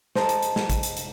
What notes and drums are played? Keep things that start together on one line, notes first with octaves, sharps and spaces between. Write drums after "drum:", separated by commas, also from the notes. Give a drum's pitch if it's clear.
C5 D#5 A5 A#5, drum: snare
drum: hi-hat
drum: hi-hat
drum: snare
drum: kick A1, hi-hat
drum: hi-hat
drum: hi-hat